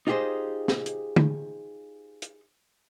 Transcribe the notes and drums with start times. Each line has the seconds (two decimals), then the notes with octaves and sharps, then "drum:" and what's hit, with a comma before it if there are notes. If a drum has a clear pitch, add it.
0.07 D#4 F4 G4 G#4 C5 D#5
0.68 drum: snare
0.86 drum: hi-hat
1.16 drum: tom
2.22 drum: hi-hat